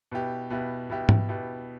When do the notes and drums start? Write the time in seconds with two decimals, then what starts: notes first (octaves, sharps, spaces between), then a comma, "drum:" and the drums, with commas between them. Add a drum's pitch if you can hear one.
0.12 B2 B3 E4 G4
0.50 B2 B3 E4 G4
0.90 B2 B3 E4 G4
1.09 drum: tom G#2
1.29 B2 B3 E4 G4